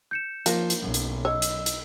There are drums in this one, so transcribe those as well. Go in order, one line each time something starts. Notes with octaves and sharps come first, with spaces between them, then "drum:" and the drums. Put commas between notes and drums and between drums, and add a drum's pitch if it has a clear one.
G6 C#7 E7
F3 A#3, drum: hi-hat
drum: hi-hat
B1 F#2
drum: hi-hat
C#5 D#5 E6
drum: hi-hat
drum: hi-hat